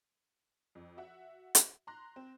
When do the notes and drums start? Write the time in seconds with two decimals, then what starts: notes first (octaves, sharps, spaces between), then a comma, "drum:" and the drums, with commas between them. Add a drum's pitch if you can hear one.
0.75 F2
0.97 F#4 E5 F#5
1.55 drum: hi-hat
1.87 A#5 C6 F#6 A#6
2.16 C4